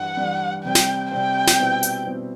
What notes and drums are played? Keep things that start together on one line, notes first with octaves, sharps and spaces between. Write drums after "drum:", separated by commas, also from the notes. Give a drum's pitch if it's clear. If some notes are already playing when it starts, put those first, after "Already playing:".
Already playing: G2 E3 G3 F#5
G2 E3 G3
C3 G3 C4 G5
drum: snare
C3 G3 C4 G5
drum: snare
B2 G3 C4 E4 B4
drum: hi-hat
B2 G3 C4 E4 B4